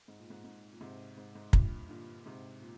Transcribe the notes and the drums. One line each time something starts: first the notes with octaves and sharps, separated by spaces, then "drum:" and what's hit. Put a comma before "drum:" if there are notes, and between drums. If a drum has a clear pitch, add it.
G#2
A#2
G#2
G#2
A#2
G#2 C3
G#2
G#2
G2 A#2, drum: kick
A#2 D3
G#2 C3
A#2